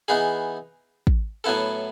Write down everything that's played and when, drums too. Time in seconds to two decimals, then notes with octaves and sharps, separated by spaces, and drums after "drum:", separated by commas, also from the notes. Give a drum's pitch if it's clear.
0.08 E3 B3 D#4 G#4
1.07 drum: kick A1
1.44 A2 F#3 B3 E4 A4